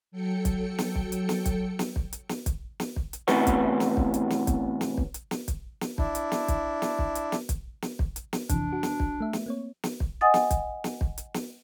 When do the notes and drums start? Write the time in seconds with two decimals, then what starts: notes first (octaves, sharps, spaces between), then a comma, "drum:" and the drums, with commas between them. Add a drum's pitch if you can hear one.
0.11 F#3 A4 G5 C#7
0.45 drum: kick, hi-hat
0.78 drum: snare
0.95 drum: kick
1.12 drum: hi-hat
1.29 drum: snare
1.46 drum: kick, hi-hat
1.79 drum: snare
1.96 drum: kick
2.13 drum: hi-hat
2.29 drum: snare
2.46 drum: kick, hi-hat
2.80 drum: snare
2.96 drum: kick
3.13 drum: hi-hat
3.28 A2 C3 E3 B3 C#4 F#4, drum: snare
3.47 drum: kick, hi-hat
3.80 drum: snare
3.97 drum: kick
4.14 drum: hi-hat
4.30 drum: snare
4.47 drum: kick, hi-hat
4.81 drum: snare
4.97 drum: kick
5.14 drum: hi-hat
5.31 drum: snare
5.48 drum: kick, hi-hat
5.81 drum: snare
5.98 D4 E4, drum: kick
6.15 drum: hi-hat
6.32 drum: snare
6.48 drum: kick, hi-hat
6.82 drum: snare
6.99 drum: kick
7.15 drum: hi-hat
7.32 drum: snare
7.49 drum: kick, hi-hat
7.82 drum: snare
7.99 drum: kick
8.16 drum: hi-hat
8.33 drum: snare
8.49 F2 C3 E3 D4, drum: kick, hi-hat
8.73 F#4
8.83 drum: snare
9.00 drum: kick
9.20 A3 E5
9.33 drum: snare
9.46 A#3 C4 C#5
9.83 drum: snare
10.00 drum: kick
10.21 D#5 F#5 G#5 D#6 A6
10.34 drum: snare
10.51 drum: kick, hi-hat
10.84 drum: snare
11.01 drum: kick
11.18 drum: hi-hat
11.34 drum: snare